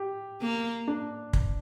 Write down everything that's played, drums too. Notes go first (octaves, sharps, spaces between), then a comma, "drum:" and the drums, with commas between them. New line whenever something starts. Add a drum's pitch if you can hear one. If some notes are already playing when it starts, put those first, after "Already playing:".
Already playing: G4
A#3
D4
drum: kick